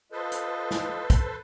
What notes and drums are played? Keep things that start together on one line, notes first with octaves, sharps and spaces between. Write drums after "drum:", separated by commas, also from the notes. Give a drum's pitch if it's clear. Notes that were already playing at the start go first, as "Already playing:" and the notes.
F4 A4 B4 C5 D#5
drum: hi-hat
drum: snare E4
drum: kick, hi-hat